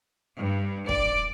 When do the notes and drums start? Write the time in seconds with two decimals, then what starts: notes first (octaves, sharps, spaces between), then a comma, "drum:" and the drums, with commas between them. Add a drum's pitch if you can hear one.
0.38 G2
0.89 D5, drum: kick